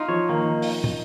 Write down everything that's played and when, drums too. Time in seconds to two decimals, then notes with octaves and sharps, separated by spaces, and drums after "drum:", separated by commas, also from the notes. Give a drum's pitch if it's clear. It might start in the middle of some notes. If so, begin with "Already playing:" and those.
Already playing: D#4 F4
0.08 F3 C#5
0.29 D#3 A#3
0.43 D#3
0.62 drum: open hi-hat
0.84 drum: tom